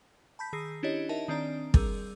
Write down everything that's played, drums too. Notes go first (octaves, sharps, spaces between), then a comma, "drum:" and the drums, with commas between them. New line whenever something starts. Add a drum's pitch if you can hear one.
A5 B5 G6 B6
D#3 G#4 E6 A#6 C7
C#4 D4 E4 G4 C#5 D#5
D#4 A#4 D#5 E5 A5
D#3 C4 D4 D5 A#5
G3 G#4 A#4 E6, drum: kick